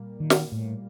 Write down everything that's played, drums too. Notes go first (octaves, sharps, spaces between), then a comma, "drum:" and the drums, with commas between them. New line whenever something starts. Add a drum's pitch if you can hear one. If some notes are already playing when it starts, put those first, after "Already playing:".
Already playing: A#2 G3 A#3
D#3
drum: snare
A2